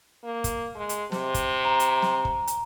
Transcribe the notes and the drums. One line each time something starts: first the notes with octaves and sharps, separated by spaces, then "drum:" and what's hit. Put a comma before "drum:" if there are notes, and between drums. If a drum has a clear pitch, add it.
A#3
drum: kick, hi-hat
G#3
drum: hi-hat
C3, drum: snare
drum: kick, hi-hat
A#5
drum: hi-hat
drum: snare
drum: kick
drum: hi-hat